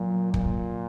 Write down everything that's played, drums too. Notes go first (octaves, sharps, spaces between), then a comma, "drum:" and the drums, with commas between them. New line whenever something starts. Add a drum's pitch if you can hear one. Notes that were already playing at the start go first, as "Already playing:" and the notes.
Already playing: A#2 F#3
A#2, drum: kick